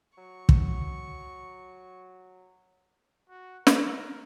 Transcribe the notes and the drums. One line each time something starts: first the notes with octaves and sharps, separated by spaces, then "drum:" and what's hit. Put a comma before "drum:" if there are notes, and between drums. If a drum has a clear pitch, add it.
F#3 C#6
drum: kick
F#4
A#4, drum: snare